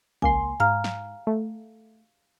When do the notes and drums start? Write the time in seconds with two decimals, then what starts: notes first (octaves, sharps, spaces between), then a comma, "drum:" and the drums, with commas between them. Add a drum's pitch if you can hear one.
0.22 C#2 A#3 G#5 C6, drum: kick
0.60 G#2 F5 A#5 F6
0.84 drum: snare
1.27 A3